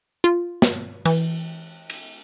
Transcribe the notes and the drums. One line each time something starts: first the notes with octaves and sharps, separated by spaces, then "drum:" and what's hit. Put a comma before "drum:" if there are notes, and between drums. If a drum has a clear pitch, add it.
F4
drum: snare
E3, drum: cymbal
drum: cymbal